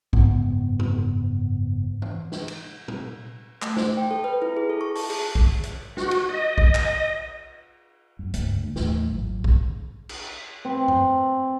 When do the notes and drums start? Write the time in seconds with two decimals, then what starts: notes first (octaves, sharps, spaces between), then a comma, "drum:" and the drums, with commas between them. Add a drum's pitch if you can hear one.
0.13 F#1 G#2 B3, drum: kick A#1
0.79 drum: tom A#2
2.02 drum: tom
2.32 drum: snare
2.48 drum: cymbal
2.88 drum: tom A#2
3.62 A3, drum: clap
3.77 C5, drum: snare
3.97 G5
4.11 A4
4.24 B4
4.42 E4
4.57 G#4
4.70 A4
4.81 C#6
4.95 A5, drum: open hi-hat
5.10 G#4, drum: cymbal
5.35 drum: kick A#1
5.63 drum: hi-hat
5.97 F#4, drum: snare
6.11 drum: cymbal
6.29 D#5
6.58 drum: kick A#1
6.75 drum: clap
8.19 F#2
8.34 C#2 G2 G#3 A#3, drum: hi-hat
8.55 D2
8.76 D#2 A2 E3 A3, drum: snare
9.07 G#1 A#2 F#3
9.44 drum: kick A#1
10.09 drum: cymbal
10.65 C4
10.88 drum: tom F#2